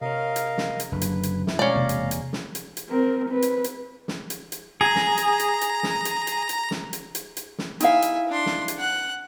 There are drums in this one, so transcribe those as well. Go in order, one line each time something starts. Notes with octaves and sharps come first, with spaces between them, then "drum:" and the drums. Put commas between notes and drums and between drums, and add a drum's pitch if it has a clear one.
C3 A#4 C#5 D#5 F5
drum: hi-hat
drum: snare
drum: hi-hat
F#1 C2 D3 F#3 B4
drum: hi-hat
drum: hi-hat
E4, drum: snare
B2 G#3 C#4 D5 F5 A#5
E1 C3 A#3
drum: hi-hat
drum: hi-hat
drum: snare
drum: hi-hat
drum: hi-hat
C4 A#4
C4 B4
drum: hi-hat
drum: hi-hat
drum: snare
drum: hi-hat
drum: hi-hat
G#4 A#5
drum: snare
drum: hi-hat
drum: hi-hat
drum: hi-hat
drum: snare
drum: hi-hat
drum: hi-hat
drum: hi-hat
drum: snare
drum: hi-hat
drum: hi-hat
drum: hi-hat
drum: snare
D#4 E4 E5 F5 G#5, drum: hi-hat
drum: hi-hat
D4 C6
drum: snare
drum: hi-hat
F#5 F#6